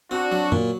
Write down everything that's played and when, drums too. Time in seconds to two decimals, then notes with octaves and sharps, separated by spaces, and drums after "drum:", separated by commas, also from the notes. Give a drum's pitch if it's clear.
0.11 C4 D4 F#4
0.32 F#3
0.52 A#2, drum: tom